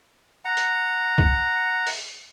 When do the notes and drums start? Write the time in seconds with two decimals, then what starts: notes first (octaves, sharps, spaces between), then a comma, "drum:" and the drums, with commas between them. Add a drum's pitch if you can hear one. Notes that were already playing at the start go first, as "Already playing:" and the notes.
0.45 F#5 A#5
0.57 drum: hi-hat
1.18 drum: kick
1.87 drum: open hi-hat